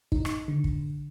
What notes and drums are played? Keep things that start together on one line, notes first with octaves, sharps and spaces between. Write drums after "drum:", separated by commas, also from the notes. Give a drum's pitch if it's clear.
D#4, drum: kick
drum: rim click
D3
drum: kick